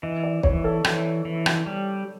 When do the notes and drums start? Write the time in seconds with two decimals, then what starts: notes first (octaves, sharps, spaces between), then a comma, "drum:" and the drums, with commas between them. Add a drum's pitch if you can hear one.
0.02 E3 D#5
0.24 D5
0.43 E3 C#5, drum: kick
0.64 A4
0.84 E3, drum: rim click
1.25 E3
1.46 drum: rim click
1.66 G3